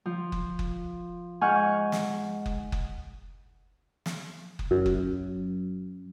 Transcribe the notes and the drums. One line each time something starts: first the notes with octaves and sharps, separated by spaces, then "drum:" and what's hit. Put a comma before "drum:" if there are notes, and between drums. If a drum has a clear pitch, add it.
F3
drum: kick F#1
drum: kick F#1
G#2 F#5 G#5 C#6 F6 G6
drum: snare
drum: kick F#1
drum: kick F#1
drum: snare
drum: kick F#1
F#2
drum: kick F#1